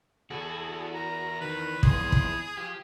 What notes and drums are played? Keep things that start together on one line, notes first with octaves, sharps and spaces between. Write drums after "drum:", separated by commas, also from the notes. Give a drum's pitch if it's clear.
E2 F#4 G#4 A4
A#4 A#5
D#3 B4
F2 G#2 B3 G#4 C6, drum: kick
drum: kick
F3 G4